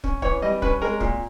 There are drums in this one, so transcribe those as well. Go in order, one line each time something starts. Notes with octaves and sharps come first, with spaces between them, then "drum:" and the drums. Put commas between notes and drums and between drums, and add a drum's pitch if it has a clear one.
C#4, drum: kick
E3 C#5, drum: kick
G3 D#5
C#4 B4, drum: kick
G#3 A#4
A#2, drum: kick